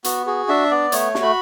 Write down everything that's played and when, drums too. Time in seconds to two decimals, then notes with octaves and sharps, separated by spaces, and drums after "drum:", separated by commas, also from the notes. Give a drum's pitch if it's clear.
0.04 B3 F#4, drum: hi-hat
0.26 F#4 G#4
0.49 D4 E5
0.71 B3 D5
0.92 A3 C#5, drum: hi-hat
1.15 F#4, drum: snare
1.22 B5